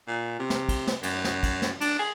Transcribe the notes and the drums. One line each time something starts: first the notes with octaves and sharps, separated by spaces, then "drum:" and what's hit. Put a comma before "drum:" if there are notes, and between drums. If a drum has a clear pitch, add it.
A#2
C3
drum: snare
drum: kick, cymbal
drum: snare
F#2, drum: cymbal
drum: snare
drum: kick, cymbal
drum: snare
D4, drum: cymbal
G#4